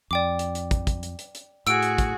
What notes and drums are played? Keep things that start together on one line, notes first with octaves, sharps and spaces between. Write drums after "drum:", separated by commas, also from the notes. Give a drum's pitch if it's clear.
F2 D5 G5 D6
drum: hi-hat
drum: hi-hat
drum: kick, hi-hat
drum: kick, hi-hat
drum: hi-hat
drum: hi-hat
drum: hi-hat
A2 F#4 G#4 E6 D7, drum: hi-hat
drum: hi-hat
drum: kick, hi-hat